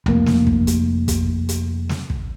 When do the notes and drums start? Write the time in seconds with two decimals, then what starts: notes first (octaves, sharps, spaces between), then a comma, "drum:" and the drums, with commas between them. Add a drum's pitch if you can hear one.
0.06 F1 A#3, drum: tom B1
0.26 drum: snare
0.47 drum: kick
0.67 drum: hi-hat
1.08 drum: kick, hi-hat
1.49 drum: hi-hat
1.89 drum: snare
2.10 drum: kick